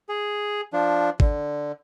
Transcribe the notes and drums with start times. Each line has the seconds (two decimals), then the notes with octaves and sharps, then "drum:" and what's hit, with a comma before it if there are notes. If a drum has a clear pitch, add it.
0.09 G#4
0.73 F3 D4
1.20 D3, drum: kick G#1